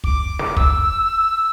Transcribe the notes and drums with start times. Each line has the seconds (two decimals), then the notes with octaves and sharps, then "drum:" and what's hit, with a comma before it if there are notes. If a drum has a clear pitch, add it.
0.04 D6, drum: kick
0.39 drum: snare
0.57 E6, drum: kick